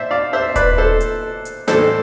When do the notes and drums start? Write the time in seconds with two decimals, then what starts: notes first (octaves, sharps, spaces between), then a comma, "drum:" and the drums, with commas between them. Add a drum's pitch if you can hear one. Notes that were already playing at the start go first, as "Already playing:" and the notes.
Already playing: C5 D5 E5
0.11 D5 F5
0.33 C5 E5
0.56 B4 D5, drum: kick D#1, hi-hat
0.78 A4 C5
1.00 drum: hi-hat
1.45 drum: hi-hat
1.67 A2 E3 A3 D4 A4 C5, drum: snare